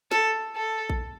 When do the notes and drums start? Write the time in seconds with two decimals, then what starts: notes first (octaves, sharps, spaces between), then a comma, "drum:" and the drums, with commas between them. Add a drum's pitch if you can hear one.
0.11 A4, drum: snare
0.56 A4
0.90 drum: kick A#1